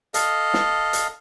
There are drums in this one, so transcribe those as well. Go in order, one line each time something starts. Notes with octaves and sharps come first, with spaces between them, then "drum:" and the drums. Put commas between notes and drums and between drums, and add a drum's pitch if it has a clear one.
A4 D#5 F5, drum: hi-hat
drum: snare
drum: hi-hat